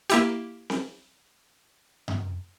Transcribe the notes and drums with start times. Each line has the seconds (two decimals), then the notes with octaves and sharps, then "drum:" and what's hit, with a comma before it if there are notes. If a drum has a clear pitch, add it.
0.10 A#3 E4 G4, drum: hi-hat
0.70 drum: snare C4
2.08 drum: tom F#2